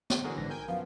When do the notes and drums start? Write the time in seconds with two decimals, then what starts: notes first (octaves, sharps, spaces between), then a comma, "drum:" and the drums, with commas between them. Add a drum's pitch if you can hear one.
0.10 drum: snare
0.24 D3 E3 F#4 G#4 A#4
0.38 A#1 G#2 A#6
0.50 A#4 G5 G#5 G6
0.68 F#2 F3 B3 F5